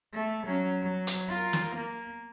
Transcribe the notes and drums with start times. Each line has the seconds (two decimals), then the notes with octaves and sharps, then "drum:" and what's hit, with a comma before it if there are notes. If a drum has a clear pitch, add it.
0.14 A3
0.46 F#3 C#4
0.83 F#3
1.07 drum: hi-hat
1.29 F4 A#4
1.53 drum: snare
1.76 A#3